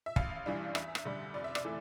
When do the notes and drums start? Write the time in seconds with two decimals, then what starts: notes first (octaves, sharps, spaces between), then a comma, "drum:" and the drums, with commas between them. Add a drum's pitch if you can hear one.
0.06 E5
0.16 A1 F5, drum: kick
0.46 G2 E3 G3 D4
0.75 E2 E5, drum: rim click
0.95 drum: rim click
1.05 D3 G3
1.34 F1 D5
1.44 E5
1.55 D5, drum: rim click
1.65 E3 A3